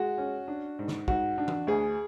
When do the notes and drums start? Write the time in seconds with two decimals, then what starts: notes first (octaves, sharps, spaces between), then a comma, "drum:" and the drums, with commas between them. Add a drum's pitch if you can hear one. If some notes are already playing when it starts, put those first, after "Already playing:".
Already playing: G#3 F#4
0.18 C#4
0.48 D4
0.79 G#2
0.88 drum: snare
1.08 G#2 F#4, drum: kick
1.38 D4
1.48 drum: tom E3
1.67 D2 G#4